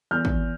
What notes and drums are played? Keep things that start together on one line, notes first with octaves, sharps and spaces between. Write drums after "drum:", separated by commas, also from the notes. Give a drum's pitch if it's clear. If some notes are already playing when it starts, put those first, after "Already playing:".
E2 F6 G6
drum: kick